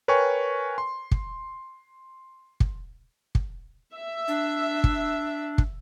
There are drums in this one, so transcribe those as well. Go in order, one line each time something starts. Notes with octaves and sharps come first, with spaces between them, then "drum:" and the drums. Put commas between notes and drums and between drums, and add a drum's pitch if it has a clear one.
A#4 B4 C#5 G5 G#5 C#6
C6
drum: kick
drum: kick
drum: kick
E5
D4
drum: kick
drum: kick